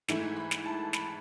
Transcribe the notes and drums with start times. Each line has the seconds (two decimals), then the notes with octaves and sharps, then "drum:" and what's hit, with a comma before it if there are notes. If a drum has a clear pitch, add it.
0.08 G#2 E3 A3 E4, drum: snare
0.37 B5
0.51 drum: snare
0.65 A5
0.93 B5, drum: snare